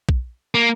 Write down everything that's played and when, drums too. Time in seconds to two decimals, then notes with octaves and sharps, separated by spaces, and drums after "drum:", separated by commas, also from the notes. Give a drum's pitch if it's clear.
0.09 drum: kick B1
0.55 A#3